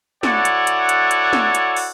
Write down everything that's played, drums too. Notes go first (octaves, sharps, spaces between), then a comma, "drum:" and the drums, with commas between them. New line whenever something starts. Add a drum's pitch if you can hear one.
E4 F#4 A4 C#5 D5 F#5, drum: snare
drum: hi-hat
drum: hi-hat
drum: hi-hat
drum: hi-hat
drum: snare
drum: hi-hat
drum: open hi-hat